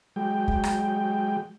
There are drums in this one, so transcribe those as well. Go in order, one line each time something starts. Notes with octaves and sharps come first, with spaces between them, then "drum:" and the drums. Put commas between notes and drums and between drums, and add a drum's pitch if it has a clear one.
F#3 G#3 G5
drum: kick
drum: rim click